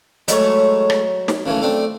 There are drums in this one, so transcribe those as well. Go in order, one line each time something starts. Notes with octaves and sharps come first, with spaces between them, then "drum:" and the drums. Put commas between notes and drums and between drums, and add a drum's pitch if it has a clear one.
F#3 G#3 A3 C#5, drum: hi-hat
drum: rim click
drum: snare
C#3 E3 A3
A3 C4 D4